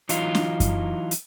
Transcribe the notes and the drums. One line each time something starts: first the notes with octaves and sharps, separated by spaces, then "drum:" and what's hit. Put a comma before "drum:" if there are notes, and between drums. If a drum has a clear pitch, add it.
E3 F#3 D#4 F4, drum: hi-hat
drum: snare
drum: kick F#2, hi-hat
drum: hi-hat